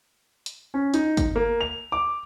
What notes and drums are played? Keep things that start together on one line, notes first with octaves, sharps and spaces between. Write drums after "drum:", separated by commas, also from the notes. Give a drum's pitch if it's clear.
drum: hi-hat
C#4
D#4, drum: hi-hat
drum: kick, hi-hat
A#3
F7
D6